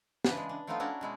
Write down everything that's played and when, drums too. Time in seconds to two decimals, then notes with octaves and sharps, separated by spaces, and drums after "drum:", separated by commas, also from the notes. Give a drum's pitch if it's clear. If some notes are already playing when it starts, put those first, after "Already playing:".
0.25 C#3 E3 D4 B4, drum: snare
0.37 G#3
0.49 D4
0.67 F3 A3 B3 C4 D#4 F4
0.80 C#4 D4 E4 F#4 A#4
1.01 B2 G#3 E4